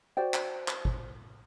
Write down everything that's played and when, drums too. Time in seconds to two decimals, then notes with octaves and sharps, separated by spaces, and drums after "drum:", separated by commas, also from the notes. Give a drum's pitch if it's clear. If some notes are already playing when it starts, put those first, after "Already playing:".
0.17 F#4 C5 D5 G5
0.34 drum: clap
0.68 drum: clap
0.85 drum: kick